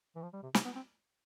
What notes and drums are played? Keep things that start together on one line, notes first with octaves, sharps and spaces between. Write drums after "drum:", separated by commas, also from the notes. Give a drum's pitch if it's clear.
E3
F3
G3
C3
C3, drum: snare
B3
C4